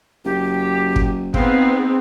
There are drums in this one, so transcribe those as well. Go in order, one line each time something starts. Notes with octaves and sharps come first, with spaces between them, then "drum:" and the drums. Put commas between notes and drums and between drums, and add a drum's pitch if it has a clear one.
F#1 G4
drum: kick
B3 C4 D#4 G#4 F5, drum: kick